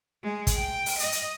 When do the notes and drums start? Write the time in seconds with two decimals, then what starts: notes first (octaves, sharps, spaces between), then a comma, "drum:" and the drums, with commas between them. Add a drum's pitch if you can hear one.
0.23 G#3
0.47 drum: kick, hi-hat
0.56 G5
0.86 drum: open hi-hat
0.99 D#5, drum: hi-hat
1.12 drum: hi-hat